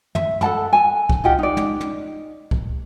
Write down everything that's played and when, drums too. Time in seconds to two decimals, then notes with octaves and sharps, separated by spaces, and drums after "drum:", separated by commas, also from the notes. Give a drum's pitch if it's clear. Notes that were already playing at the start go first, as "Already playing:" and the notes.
0.15 E5, drum: tom
0.41 A4 F#5 A5 B5, drum: tom
0.73 G#5 A5
1.09 drum: kick
1.24 D#4 F4 G4 F#5
1.39 D#4 D5
1.57 drum: tom
1.80 drum: tom
2.51 drum: kick